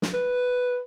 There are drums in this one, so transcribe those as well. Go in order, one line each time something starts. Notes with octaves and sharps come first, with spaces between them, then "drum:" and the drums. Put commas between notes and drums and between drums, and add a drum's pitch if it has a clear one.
drum: snare
B4